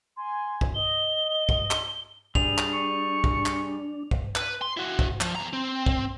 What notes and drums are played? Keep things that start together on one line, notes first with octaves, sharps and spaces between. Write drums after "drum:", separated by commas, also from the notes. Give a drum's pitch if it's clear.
G#5 C6
drum: kick
D#5 G7
drum: kick
drum: clap
G3 D4 G#4 F7, drum: kick
drum: clap
C#6
drum: kick
drum: clap
drum: kick
B4, drum: clap
C6
E4 F#4
drum: kick
F3, drum: clap
E2 A#5
C4
drum: kick